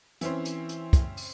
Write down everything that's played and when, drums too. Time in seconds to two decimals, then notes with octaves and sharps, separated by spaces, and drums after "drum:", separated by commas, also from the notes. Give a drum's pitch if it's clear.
0.21 E3 C4 C#4 E4, drum: hi-hat
0.45 drum: hi-hat
0.69 drum: hi-hat
0.93 drum: kick, hi-hat
1.17 drum: open hi-hat